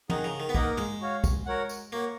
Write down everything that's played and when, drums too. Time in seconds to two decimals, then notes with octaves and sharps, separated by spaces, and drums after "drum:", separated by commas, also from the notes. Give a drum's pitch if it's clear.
0.10 D#3 D#4 G#4 D#5 F#5, drum: tom
0.24 C#3
0.40 D#3
0.49 B3
0.55 A#3 D#4 A#4 D#5 F#5, drum: kick
0.78 G#3, drum: tom
1.01 F#4 C#5 F5
1.24 drum: kick, tambourine
1.46 F#4 A#4 C#5 F#5
1.69 drum: tambourine
1.92 A#3 F#4 C#5 F#5